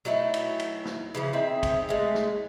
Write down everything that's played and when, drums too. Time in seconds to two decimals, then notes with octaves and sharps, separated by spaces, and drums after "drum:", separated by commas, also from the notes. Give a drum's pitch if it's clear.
0.05 F#3 A3 D#4 E4
0.34 drum: cymbal
0.59 drum: cymbal
0.85 drum: snare
1.15 C#3 E3 F3
1.33 C4 D#4 G#4 E5
1.63 drum: kick, cymbal
1.89 G#3 A3
2.15 drum: snare